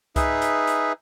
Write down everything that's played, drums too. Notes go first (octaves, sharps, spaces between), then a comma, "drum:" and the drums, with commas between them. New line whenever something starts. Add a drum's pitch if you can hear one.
D#4 G#4 B4 E5, drum: kick C2, hi-hat
drum: hi-hat
drum: hi-hat